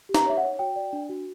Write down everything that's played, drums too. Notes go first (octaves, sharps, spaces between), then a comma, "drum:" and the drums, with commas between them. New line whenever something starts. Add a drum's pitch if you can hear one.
G4
A#5, drum: snare
C#5 E5
F#5
C#5
F#4 G5
D5
D4
F#4